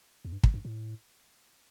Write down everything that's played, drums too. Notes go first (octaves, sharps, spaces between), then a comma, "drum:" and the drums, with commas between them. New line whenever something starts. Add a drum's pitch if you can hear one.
E2
G2
E2, drum: kick
G2
A2